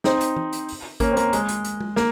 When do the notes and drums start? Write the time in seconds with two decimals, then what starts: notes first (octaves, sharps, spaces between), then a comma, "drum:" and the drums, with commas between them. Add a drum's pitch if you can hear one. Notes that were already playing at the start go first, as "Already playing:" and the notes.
0.04 C4 D#4, drum: snare
0.21 drum: hi-hat
0.37 drum: tom E3
0.53 drum: hi-hat
0.69 drum: open hi-hat
1.00 A#3 C#4, drum: kick G#1, hi-hat
1.12 C4
1.17 A#3, drum: hi-hat
1.33 G#3, drum: hi-hat
1.48 drum: hi-hat
1.64 drum: hi-hat
1.80 drum: tom G#3
1.96 A#3, drum: snare